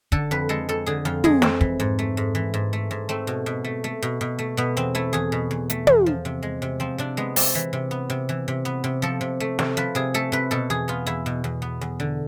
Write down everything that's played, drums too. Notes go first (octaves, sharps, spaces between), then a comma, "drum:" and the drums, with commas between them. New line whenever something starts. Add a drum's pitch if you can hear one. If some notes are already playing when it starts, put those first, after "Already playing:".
D3 A4, drum: kick
F2 B4
G#3 A4
F2 A4
D3 G#4
F2 F4
G#3 G#4, drum: tom
F2 C4, drum: snare
E3, drum: kick
G#2
A3
G#2
E3
G#2
A3
G#2
A3 C4
B2
B2
A3
A3
B2
B2
A3
B2 B3
E2 C4
A3 E4
E2 G#4
B2
E2
A3, drum: hi-hat
E2, drum: tom
F3
C3
G#3
C3
F3 C4
C3 D4
G#3 B3
C3 C4, drum: open hi-hat
E3
C3
B3
C3
E3
C3
B3
C3
F3 A4
C3
A3
C3, drum: snare
F3 B4
C3 G#4
A3 A4
C3 B4
B2 A4
E2 G#4
B3 F4
E2 E4
B2
E2
B3
E2
D3